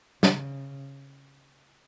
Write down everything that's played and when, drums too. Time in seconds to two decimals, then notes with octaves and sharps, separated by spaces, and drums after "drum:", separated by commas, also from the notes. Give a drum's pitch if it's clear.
0.23 C#3, drum: snare